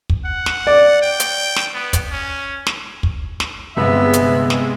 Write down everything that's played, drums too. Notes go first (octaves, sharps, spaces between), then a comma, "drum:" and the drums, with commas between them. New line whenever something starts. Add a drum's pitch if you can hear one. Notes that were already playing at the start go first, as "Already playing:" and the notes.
drum: kick
F#5
drum: snare
D5
G5
drum: hi-hat
drum: snare
B3
drum: kick, hi-hat
C#4
drum: snare
drum: kick
drum: snare
G1 C3 G#3 B3 E5
drum: hi-hat
drum: snare